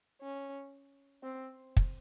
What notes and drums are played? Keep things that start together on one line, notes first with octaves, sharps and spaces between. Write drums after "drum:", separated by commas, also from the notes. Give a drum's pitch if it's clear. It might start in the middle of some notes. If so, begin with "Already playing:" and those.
C#4
C4
drum: kick